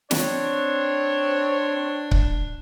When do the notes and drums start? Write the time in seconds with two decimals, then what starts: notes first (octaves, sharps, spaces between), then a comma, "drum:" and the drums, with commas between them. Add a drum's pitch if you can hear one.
0.11 C4 D4 C#5, drum: snare
2.11 drum: kick C#1